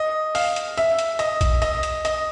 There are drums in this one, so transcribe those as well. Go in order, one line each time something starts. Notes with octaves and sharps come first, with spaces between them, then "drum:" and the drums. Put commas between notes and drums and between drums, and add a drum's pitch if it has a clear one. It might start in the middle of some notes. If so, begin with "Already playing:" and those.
Already playing: D#5
F5, drum: open hi-hat
drum: hi-hat
E5, drum: hi-hat
drum: hi-hat
D#5, drum: hi-hat
drum: kick A#1, hi-hat
D#5, drum: hi-hat
drum: hi-hat
D#5, drum: hi-hat